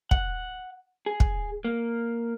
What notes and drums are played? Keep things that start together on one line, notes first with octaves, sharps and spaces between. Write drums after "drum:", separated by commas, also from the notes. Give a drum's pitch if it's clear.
F#5, drum: kick
G#4
drum: kick
A#3